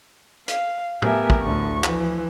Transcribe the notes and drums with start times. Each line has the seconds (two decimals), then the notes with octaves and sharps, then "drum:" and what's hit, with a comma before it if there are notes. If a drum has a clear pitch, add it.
0.48 F5, drum: hi-hat
1.02 A3 B3 G4 A#4 E5 G#5, drum: tom A2
1.30 drum: kick
1.41 D2 A2 D3 C#6
1.84 E3 F3, drum: clap